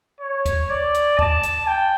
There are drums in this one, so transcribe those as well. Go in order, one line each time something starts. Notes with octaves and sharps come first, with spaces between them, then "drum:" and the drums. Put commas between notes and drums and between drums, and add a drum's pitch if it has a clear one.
C#5
drum: kick D2, hi-hat
D5
drum: hi-hat
A5, drum: kick D2
drum: hi-hat
G5